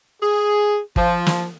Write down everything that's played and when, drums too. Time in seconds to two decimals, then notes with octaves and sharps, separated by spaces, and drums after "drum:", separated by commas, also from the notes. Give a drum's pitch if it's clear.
0.21 G#4
0.96 F3, drum: kick
1.26 drum: snare